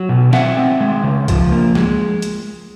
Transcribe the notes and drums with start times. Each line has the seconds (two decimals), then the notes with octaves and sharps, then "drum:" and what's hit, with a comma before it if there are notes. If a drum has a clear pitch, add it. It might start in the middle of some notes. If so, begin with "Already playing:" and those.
Already playing: F#3
0.09 B2
0.33 C4 E5 F#5, drum: snare
0.57 C4
0.81 G#3
1.04 C#3
1.28 F3, drum: kick C2, hi-hat
1.51 A#3
1.75 G#3, drum: snare
2.22 drum: hi-hat